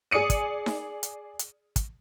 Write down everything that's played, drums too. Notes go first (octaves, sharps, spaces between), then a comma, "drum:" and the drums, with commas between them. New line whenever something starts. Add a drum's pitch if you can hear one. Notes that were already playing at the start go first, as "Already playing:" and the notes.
G#4 D5 D#6 C#7 D#7
drum: kick, hi-hat
drum: snare D#4
drum: hi-hat
drum: hi-hat
drum: kick, hi-hat